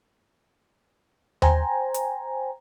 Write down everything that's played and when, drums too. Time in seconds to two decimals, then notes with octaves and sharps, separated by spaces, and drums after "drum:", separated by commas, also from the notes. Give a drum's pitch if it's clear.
1.42 C5 G5 G#5 A#5, drum: tom D#2
1.94 drum: hi-hat